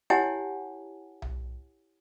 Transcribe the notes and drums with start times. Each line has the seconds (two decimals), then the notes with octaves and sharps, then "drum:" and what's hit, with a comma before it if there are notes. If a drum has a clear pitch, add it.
0.10 E4 G4 C#5 F#5 G#5 A5
1.22 drum: tom B1